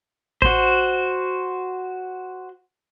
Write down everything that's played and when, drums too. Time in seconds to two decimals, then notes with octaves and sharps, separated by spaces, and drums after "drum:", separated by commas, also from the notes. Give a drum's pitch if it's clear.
0.42 F#4 C5, drum: kick A1